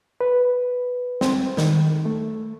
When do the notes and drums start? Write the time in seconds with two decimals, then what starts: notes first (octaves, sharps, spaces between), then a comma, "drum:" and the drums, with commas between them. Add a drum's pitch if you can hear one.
0.21 B4
1.21 C4, drum: snare
1.57 D#3, drum: snare
2.05 A3